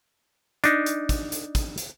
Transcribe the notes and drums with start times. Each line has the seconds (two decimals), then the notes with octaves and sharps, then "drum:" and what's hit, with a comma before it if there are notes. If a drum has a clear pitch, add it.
0.64 D4 D#4, drum: hi-hat
0.86 drum: hi-hat
1.09 drum: kick, hi-hat
1.32 drum: hi-hat
1.55 drum: kick, hi-hat
1.78 drum: hi-hat